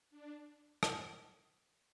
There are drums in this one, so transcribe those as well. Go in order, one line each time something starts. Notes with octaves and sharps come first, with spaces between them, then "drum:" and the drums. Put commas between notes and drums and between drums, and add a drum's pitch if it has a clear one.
D4
drum: rim click